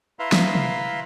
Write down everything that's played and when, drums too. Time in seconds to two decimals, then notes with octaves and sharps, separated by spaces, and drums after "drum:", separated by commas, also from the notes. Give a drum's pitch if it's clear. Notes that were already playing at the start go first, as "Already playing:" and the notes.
0.19 E4 B4 E5 F5 A#5 C6
0.32 drum: snare
0.55 drum: tom